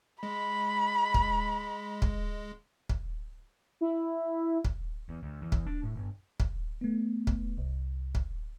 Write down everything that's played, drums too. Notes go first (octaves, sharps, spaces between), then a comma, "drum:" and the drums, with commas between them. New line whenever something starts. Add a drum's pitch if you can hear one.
G#3 B5
drum: kick
drum: kick
drum: kick
E4
drum: kick
E2
D2
E2
drum: kick
D4
A2
G1
drum: kick
A3 B3
drum: kick
C2
drum: kick